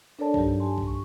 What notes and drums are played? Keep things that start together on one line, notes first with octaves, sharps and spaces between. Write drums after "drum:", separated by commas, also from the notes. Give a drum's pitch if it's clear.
D4 A4 A#4 C#5 D5 A5
G2 F#3 D#4 G4, drum: kick B1
G4 G#5 A5 C6
drum: kick B1
C#6